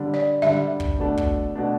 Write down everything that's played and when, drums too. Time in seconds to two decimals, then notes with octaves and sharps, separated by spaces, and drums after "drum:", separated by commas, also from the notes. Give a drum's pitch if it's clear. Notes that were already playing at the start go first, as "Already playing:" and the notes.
Already playing: D3 G3 D4
0.14 D5
0.42 D3 G3 D4 E5
0.80 drum: kick
0.98 B2 A3 D4
1.17 drum: kick
1.56 B2 A3 D4